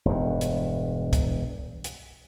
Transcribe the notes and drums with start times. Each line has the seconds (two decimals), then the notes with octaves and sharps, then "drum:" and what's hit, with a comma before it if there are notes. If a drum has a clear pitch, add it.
0.05 E1 G2
0.41 drum: hi-hat
1.13 drum: kick C2, hi-hat
1.84 drum: hi-hat